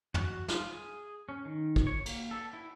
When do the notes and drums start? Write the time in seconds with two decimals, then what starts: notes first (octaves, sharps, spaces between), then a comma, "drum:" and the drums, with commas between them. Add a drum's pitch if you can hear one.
0.14 F#4, drum: tom
0.48 F4, drum: snare
0.72 G#4
1.29 C#4
1.45 D#3
1.76 drum: kick
1.87 C#5
2.06 A#3, drum: cymbal
2.31 A4
2.53 E4